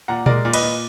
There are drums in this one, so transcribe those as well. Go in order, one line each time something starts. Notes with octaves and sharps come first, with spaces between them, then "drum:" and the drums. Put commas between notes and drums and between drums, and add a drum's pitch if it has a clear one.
A#2 F#5 A#5
G#3 A#4 D5, drum: tom A#2
A#2
B4 D#5, drum: cymbal
A#2